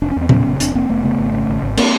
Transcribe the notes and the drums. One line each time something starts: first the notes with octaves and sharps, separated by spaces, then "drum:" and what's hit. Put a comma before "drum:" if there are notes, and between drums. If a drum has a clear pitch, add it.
F1 D4
C#4
E2 C4
C#3 B3 C#4, drum: tom A#2
F1
F1 C4 D4, drum: hi-hat
F1 A#3 C4
F1 A3 B3
C#3 A3 B3
G#1
C#3
G#1
G#1
A#3 C4, drum: cymbal